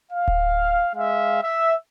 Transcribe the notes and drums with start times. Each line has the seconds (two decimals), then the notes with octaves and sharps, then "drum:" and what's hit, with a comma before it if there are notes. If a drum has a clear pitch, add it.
0.12 F5
0.28 drum: kick D1
0.96 G#3 E5 F5
1.42 E5